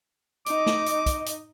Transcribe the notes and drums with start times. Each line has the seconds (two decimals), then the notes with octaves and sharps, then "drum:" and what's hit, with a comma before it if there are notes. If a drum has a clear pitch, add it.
0.46 D#4 D#5 D6, drum: hi-hat
0.66 drum: snare A3
0.86 drum: hi-hat
1.06 drum: kick, hi-hat
1.26 drum: hi-hat